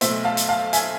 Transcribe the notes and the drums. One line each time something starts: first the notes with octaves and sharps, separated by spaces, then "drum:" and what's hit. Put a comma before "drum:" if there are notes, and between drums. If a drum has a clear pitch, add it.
B1 B2 A3 C5 E5, drum: hi-hat
F5 A5
drum: hi-hat
F5 A5
E5 G#5, drum: hi-hat